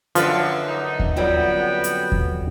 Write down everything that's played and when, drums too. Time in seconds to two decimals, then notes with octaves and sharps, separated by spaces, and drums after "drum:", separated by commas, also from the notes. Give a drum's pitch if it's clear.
0.15 F#2 D3 F3 B4, drum: hi-hat
0.67 D#4
1.00 drum: kick D#2
1.16 F2 F#3 G3 B3 G5
1.84 drum: hi-hat
2.12 drum: kick D#2